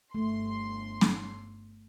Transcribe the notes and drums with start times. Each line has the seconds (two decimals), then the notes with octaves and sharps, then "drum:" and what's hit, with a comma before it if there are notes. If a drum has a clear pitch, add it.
0.15 G1 A3 C6
1.01 drum: snare